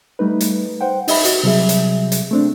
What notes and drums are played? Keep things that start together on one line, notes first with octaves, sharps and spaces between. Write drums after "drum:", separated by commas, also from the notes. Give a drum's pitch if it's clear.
G3 A3 D#4 B4
drum: hi-hat
C5 F#5 G5
D#4 D#5 E5 B5, drum: open hi-hat
F#4, drum: hi-hat
C3 F#3 G3 G#4 E5
drum: hi-hat
drum: hi-hat
A3 C4 D4